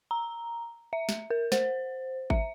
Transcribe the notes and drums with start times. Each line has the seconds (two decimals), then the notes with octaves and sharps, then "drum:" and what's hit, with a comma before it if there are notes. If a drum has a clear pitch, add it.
0.11 A#5
0.93 E5
1.09 drum: snare
1.30 A#4
1.52 C5, drum: snare
2.30 E5, drum: kick G#1